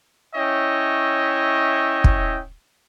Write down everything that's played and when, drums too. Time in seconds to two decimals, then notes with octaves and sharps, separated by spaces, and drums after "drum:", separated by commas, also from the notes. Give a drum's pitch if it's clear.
0.36 C#4 E4 C#5 D#5 E5 G5
2.04 drum: kick